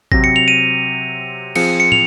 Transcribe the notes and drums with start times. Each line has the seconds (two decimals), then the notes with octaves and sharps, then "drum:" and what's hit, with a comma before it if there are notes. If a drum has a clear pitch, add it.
0.12 C3 F#3 C4 A#6, drum: kick A1
0.24 C#7
0.36 F7
0.48 D#7
1.56 F3 C4 F4 G#4 C#7, drum: cymbal
1.80 C#7
1.92 F7, drum: tom